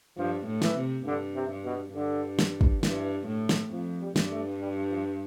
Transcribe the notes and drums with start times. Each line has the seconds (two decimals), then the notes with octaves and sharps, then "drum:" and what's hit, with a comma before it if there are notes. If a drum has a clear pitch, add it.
0.17 G2 F3
0.47 A2
0.62 E3, drum: snare
0.76 C3
1.06 G2 D3
1.35 C3
1.50 G2
1.65 B2
1.94 G2 D3
2.39 drum: snare
2.61 drum: kick
2.83 G2 E3, drum: snare
3.27 A2
3.49 drum: snare
3.71 F2 F3
4.01 G3
4.16 G2, drum: snare
4.31 A3
4.61 G3
4.90 F3